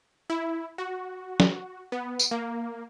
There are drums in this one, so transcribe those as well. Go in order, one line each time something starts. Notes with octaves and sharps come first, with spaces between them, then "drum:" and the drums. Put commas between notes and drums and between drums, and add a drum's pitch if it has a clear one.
E4
F#4
drum: snare
B3
drum: tambourine
A#3